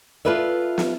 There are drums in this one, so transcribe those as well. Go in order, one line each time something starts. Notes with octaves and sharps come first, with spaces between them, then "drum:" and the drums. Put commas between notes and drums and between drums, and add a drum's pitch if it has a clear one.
F4 A4 B4 D5 E5
drum: snare